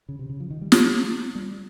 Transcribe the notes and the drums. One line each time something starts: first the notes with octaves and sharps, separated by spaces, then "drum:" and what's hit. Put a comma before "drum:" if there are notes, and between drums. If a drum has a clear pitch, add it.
C#3
C3
C#3
F3
D#3
G3
G3, drum: snare
G3